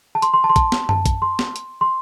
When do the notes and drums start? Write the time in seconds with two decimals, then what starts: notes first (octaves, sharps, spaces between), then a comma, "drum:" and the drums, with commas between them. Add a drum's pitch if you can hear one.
0.15 A5
0.22 C6, drum: hi-hat
0.34 C6
0.44 A5
0.50 C6
0.56 A5, drum: kick, hi-hat
0.72 drum: snare
0.89 A5, drum: tom F#2
1.06 drum: kick, hi-hat
1.22 C6
1.39 drum: snare
1.56 drum: hi-hat
1.81 C6